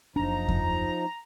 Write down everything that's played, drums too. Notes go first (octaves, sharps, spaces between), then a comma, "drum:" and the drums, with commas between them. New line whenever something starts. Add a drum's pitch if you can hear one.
F#1 F3 D4 D#4 A#5
drum: kick E2